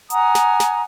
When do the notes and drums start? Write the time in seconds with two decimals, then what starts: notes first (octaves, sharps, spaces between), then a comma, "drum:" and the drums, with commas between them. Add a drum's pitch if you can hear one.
0.10 F#5 G#5 A#5 D#6, drum: hi-hat
0.35 drum: snare
0.60 drum: snare